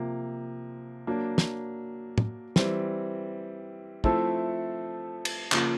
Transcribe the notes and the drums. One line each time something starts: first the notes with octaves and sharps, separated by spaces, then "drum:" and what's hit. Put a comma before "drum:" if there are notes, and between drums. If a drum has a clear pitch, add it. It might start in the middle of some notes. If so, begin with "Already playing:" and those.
Already playing: C3 F3 A#3
F#3 A#3 D4
drum: snare
drum: tom
E3 G3 C4, drum: snare
F3 A3 C4 E4 A4, drum: kick
drum: cymbal
C#3 F3 A#3, drum: clap